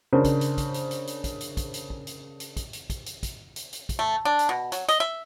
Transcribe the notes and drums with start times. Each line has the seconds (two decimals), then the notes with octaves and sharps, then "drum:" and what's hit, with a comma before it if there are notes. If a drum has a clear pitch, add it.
0.13 C#3 D4 A#4 C5
0.24 drum: kick, hi-hat
0.41 drum: hi-hat
0.58 drum: kick, hi-hat
0.74 drum: hi-hat
0.91 drum: hi-hat
1.07 drum: hi-hat
1.24 drum: kick, hi-hat
1.40 drum: hi-hat
1.57 drum: kick, hi-hat
1.74 drum: hi-hat
1.90 drum: kick
2.07 drum: hi-hat
2.40 drum: hi-hat
2.57 drum: kick, hi-hat
2.73 drum: hi-hat
2.90 drum: kick, hi-hat
3.06 drum: hi-hat
3.23 drum: kick, hi-hat
3.56 drum: hi-hat
3.73 drum: hi-hat
3.89 drum: kick, hi-hat
3.99 A3
4.25 D4
4.39 drum: hi-hat
4.49 B2
4.72 F#3, drum: hi-hat
4.88 D#5, drum: hi-hat
5.00 E5